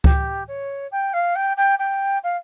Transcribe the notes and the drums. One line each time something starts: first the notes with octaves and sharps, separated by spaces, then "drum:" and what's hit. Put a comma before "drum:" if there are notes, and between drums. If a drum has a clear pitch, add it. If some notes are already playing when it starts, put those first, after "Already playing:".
G4, drum: kick C#2
C#5
G5
F5
G5
G5
G5
F5